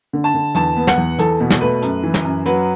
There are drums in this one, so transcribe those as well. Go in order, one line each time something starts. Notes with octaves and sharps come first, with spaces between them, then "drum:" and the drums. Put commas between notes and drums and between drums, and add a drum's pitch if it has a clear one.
D3
A5
D3
E2 A5, drum: hi-hat
B3
F#5, drum: snare
E2
E2 A4, drum: hi-hat
B2
drum: snare
A3 B4
F#2, drum: hi-hat
E3
drum: snare
F#2
F#3 B4, drum: hi-hat